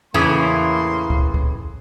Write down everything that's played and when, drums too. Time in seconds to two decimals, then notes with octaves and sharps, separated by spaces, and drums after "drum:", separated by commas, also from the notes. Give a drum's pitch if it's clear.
0.14 E2 A2 C#3 E3 A#3 C6 D#6
1.10 drum: kick C#2
1.34 drum: kick C#2